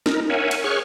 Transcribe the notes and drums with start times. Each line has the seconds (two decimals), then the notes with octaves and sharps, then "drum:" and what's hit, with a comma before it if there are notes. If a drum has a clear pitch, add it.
0.06 D#4 A#4, drum: snare C#4
0.30 A#4 C#5 E5 F#5 G#5
0.51 drum: cymbal
0.64 G#4 C#5 C#6 F6 F#6